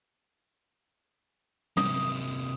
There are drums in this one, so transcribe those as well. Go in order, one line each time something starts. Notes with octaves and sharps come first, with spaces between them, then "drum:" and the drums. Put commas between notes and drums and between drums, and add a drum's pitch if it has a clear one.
C3 A#3 D#6, drum: tom